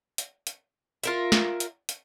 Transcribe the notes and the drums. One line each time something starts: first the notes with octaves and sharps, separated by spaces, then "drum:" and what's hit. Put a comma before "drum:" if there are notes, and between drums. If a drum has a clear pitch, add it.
drum: hi-hat
drum: hi-hat
F4 A#4 E5, drum: hi-hat
drum: snare
drum: hi-hat
drum: hi-hat